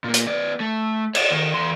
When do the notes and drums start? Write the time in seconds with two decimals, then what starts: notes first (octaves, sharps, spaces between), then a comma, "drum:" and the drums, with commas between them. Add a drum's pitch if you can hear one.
0.04 A#2 A#3
0.14 drum: hi-hat
0.27 B3 D5
0.60 A3
1.15 C#5 D5, drum: cymbal
1.31 D#2 D#3
1.54 E2 C6